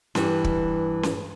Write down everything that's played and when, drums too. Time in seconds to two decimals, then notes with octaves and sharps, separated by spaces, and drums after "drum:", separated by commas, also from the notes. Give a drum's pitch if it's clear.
0.15 G2 E3, drum: snare C#4
0.44 drum: kick
1.03 drum: snare C#4